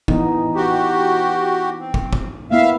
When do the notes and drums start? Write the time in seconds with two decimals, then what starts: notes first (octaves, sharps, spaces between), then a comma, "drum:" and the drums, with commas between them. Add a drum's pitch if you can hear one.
0.08 E3 B3 D#4, drum: kick
0.56 F#4 G4
1.80 C4
1.94 drum: kick
2.13 drum: kick
2.51 A#3 B3 E4 E5 F5